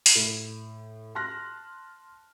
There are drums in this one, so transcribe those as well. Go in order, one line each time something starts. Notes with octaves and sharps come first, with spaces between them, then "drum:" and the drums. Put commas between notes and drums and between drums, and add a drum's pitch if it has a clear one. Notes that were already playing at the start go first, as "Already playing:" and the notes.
drum: open hi-hat
A2
A5 C6 F6 F#6 A#6